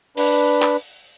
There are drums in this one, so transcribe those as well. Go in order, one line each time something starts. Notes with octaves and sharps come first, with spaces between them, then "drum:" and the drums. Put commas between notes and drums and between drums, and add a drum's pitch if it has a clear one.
D4 B4, drum: open hi-hat
drum: clap